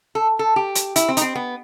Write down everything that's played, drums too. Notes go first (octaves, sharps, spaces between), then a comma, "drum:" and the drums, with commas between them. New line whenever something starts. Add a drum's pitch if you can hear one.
A4
A4
G4
drum: hi-hat
E4, drum: hi-hat
C4
D#4, drum: hi-hat
C4
B3